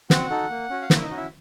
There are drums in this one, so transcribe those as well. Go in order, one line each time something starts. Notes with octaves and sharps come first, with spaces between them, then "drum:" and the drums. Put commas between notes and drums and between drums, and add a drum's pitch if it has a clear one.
C4 F#4 F#5, drum: snare
D#4 F#4 A4
A#3
C#4 F#4
F5
A#3 E4 E5, drum: snare
D#4 D#5
C#4 F#4
E4 E5